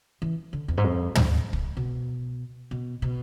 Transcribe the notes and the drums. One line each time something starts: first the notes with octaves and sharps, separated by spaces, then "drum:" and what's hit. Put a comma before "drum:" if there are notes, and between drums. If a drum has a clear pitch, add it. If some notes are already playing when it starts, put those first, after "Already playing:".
E3
D3
E2
G#2
F2
G#2, drum: tom
drum: kick
B2
B2
B2